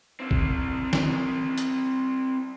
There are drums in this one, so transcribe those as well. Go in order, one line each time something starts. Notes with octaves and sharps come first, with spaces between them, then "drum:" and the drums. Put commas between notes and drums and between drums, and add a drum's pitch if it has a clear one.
C4 E4
drum: kick
drum: snare
drum: hi-hat